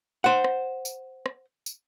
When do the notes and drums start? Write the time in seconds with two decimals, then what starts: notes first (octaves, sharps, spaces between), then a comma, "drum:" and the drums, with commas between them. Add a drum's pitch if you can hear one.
0.24 C5 F#5
0.44 drum: rim click
0.85 drum: tambourine
1.26 drum: rim click
1.66 drum: tambourine